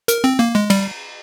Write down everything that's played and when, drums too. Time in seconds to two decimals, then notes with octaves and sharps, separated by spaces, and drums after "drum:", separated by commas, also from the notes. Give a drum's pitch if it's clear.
0.08 A#4, drum: hi-hat
0.24 C4
0.39 A#3
0.55 G#3
0.70 G3, drum: cymbal